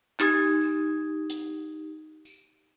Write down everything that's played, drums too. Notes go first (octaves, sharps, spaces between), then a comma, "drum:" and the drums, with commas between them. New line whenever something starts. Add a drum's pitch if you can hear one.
D#4 G4 D#6 G#6, drum: clap
drum: tambourine
drum: hi-hat
drum: tambourine